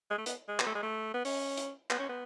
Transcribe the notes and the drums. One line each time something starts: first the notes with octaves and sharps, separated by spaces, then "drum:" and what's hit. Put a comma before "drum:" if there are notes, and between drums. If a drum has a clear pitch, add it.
G#3
A3
B3, drum: hi-hat
G#3
B3, drum: clap
A3
G#3
A3
B3
C#4, drum: open hi-hat
drum: hi-hat
B3, drum: clap
C#4
B3